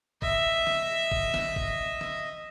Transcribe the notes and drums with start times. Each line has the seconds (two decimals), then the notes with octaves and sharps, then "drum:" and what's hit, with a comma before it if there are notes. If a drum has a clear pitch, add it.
0.22 D#5 E5, drum: kick
0.67 drum: snare
1.12 drum: kick
1.34 drum: snare
1.56 drum: kick
2.01 drum: snare